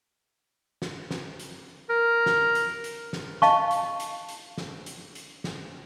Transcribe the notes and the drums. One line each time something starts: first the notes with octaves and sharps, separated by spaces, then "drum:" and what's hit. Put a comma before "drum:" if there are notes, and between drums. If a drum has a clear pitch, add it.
drum: snare
drum: snare
drum: hi-hat
A#4
drum: snare
drum: hi-hat
drum: hi-hat
drum: snare
D#5 F5 A5 C#6, drum: snare
drum: hi-hat
drum: hi-hat
drum: hi-hat
drum: snare
drum: hi-hat
drum: hi-hat
drum: snare